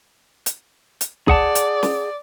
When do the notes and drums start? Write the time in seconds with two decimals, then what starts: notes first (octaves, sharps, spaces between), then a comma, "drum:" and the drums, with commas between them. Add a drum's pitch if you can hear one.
0.46 drum: hi-hat
1.01 drum: hi-hat
1.28 G#4 D5 F#5 A5, drum: kick
1.55 drum: hi-hat
1.83 drum: snare